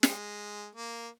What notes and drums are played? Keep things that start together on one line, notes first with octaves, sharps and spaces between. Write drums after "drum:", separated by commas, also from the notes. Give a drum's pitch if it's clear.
G#3, drum: snare
A#3